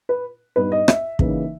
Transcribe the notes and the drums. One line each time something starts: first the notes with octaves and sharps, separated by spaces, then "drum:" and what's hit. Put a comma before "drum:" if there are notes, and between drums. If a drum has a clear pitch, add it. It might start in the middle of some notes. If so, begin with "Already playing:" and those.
B4
G2 G3 B3 D#4 B4
D#5
E5, drum: rim click
C#3 E3 A#3 D#4, drum: kick